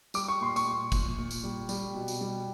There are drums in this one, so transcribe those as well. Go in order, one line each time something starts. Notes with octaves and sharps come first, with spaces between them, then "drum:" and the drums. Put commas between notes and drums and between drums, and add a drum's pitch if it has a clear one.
G3 D6, drum: tambourine
C#6
A#2 C6
C#6, drum: tambourine
A#2
A#2, drum: kick, tambourine
A#2
drum: tambourine
G3
G3, drum: tambourine
B2
drum: tambourine
G3